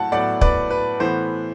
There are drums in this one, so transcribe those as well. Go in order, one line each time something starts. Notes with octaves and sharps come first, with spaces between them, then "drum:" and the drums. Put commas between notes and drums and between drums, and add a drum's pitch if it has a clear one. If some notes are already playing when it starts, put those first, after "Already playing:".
Already playing: A2 F#3 F#5 A5
A2 F#3 B3 D5 F#5
B4 D5, drum: kick
B4
A2 E3 B3 C5